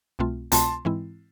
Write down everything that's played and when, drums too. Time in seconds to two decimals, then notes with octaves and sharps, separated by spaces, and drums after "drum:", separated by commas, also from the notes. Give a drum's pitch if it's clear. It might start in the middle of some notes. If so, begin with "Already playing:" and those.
0.19 C2 B2 A3 C4 F4
0.52 C2 B2 A3 C4 F4 A5 C6, drum: hi-hat
0.85 G#2 E3 G#3 C4 E4